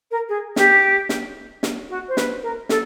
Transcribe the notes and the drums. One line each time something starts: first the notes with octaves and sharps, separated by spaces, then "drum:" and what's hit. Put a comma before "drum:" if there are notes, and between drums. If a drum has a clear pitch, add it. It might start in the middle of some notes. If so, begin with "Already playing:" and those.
A#4
G#4
G4, drum: snare
drum: snare
drum: snare
F#4
C5
B4, drum: snare
A#4
A4, drum: snare